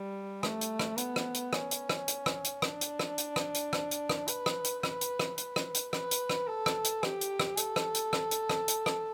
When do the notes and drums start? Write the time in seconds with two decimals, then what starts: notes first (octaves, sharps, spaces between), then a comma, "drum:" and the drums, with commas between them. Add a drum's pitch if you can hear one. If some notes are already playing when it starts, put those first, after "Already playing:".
Already playing: G3
0.43 A3, drum: rim click
0.61 drum: hi-hat
0.79 drum: rim click
0.98 B3, drum: hi-hat
1.16 drum: rim click
1.34 drum: hi-hat
1.53 C#4, drum: rim click
1.71 drum: hi-hat
1.89 drum: rim click
2.08 drum: hi-hat
2.26 drum: rim click
2.44 drum: hi-hat
2.62 D4, drum: rim click
2.81 drum: hi-hat
2.99 drum: rim click
3.18 drum: hi-hat
3.36 drum: rim click
3.54 drum: hi-hat
3.73 drum: rim click
3.91 drum: hi-hat
4.09 drum: rim click
4.28 B4, drum: hi-hat
4.46 drum: rim click
4.64 drum: hi-hat
4.83 B4, drum: rim click
5.01 drum: hi-hat
5.19 drum: rim click
5.38 B4, drum: hi-hat
5.56 drum: rim click
5.74 drum: hi-hat
5.93 B4, drum: rim click
6.11 drum: hi-hat
6.30 drum: rim click
6.47 A4
6.66 drum: rim click
6.85 drum: hi-hat
7.03 G4, drum: rim click
7.21 drum: hi-hat
7.40 drum: rim click
7.57 A4, drum: hi-hat
7.76 drum: rim click
7.95 drum: hi-hat
8.13 drum: rim click
8.31 drum: hi-hat
8.50 drum: rim click
8.68 drum: hi-hat
8.86 drum: rim click